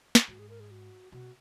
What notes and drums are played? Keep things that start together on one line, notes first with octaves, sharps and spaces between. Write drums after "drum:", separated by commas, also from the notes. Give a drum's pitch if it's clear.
drum: snare
G#2 F#4
G#4
A#4
G#4
F#4
B2 F#4